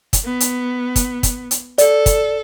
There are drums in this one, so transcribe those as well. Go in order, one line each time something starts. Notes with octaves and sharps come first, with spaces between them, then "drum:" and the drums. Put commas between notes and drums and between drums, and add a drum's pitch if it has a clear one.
drum: kick, hi-hat
B3
drum: hi-hat
drum: kick, hi-hat
drum: kick, hi-hat
drum: hi-hat
A4 D5, drum: hi-hat
drum: kick, hi-hat